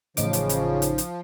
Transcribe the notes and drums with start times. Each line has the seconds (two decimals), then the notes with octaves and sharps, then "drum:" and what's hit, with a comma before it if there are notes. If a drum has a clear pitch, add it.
0.17 A1 C#3 F3 D#4 D6, drum: hi-hat
0.33 drum: hi-hat
0.49 drum: hi-hat
0.82 drum: hi-hat
0.98 drum: hi-hat